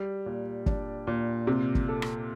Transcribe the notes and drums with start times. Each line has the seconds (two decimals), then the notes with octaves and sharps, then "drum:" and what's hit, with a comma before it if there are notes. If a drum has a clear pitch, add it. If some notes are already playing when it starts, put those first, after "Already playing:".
Already playing: G3
0.26 A#2
0.66 D4, drum: kick
1.07 A#2
1.47 C3
1.75 drum: kick
1.88 A4
2.02 drum: rim click